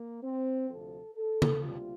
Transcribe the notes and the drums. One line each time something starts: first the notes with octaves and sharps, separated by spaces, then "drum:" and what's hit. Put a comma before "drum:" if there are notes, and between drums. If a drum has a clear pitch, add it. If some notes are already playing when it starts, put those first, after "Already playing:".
Already playing: A#3
C4
D2 C3 F3 A4
A4
drum: tom C#3
D2 C3 G3 A#3 F4